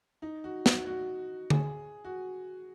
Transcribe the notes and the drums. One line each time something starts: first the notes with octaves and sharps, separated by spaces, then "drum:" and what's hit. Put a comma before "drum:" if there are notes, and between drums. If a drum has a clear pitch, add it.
D#4
F#4
F#4, drum: snare
F#4
G#4, drum: tom D3
F#4